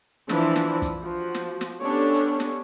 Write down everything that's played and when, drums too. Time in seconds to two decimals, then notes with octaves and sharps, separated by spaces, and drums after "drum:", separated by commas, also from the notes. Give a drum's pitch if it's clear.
0.29 E3 F3 D4 E4 B4, drum: snare
0.56 drum: snare
0.82 drum: kick, hi-hat
1.02 F3 F#4
1.34 drum: snare
1.61 drum: snare
1.80 B3 C#4 D4 G4 A4 C#5
2.13 drum: hi-hat
2.40 drum: snare